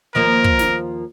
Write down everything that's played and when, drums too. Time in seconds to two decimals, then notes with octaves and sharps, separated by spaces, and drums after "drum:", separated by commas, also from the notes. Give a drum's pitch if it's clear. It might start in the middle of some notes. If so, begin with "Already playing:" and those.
0.15 D#2 F3 A#3 A#4
0.44 drum: kick
0.59 drum: snare